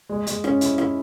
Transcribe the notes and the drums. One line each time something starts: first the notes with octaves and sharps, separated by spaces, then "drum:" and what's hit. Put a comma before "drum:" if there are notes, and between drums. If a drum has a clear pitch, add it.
G#3
G#3, drum: hi-hat
C#4, drum: rim click
E4, drum: hi-hat
E4, drum: rim click